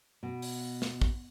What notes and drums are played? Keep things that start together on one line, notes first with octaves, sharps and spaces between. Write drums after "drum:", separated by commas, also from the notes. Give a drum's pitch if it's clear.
B2
drum: open hi-hat
drum: snare
drum: kick